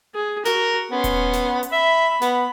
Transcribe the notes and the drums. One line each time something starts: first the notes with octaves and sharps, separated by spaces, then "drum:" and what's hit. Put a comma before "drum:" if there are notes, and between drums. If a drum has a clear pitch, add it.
G#4
F#4 A#4, drum: snare
B3 C#4 C6
drum: kick D#1, hi-hat
drum: snare
drum: hi-hat
E5 B5
B3, drum: snare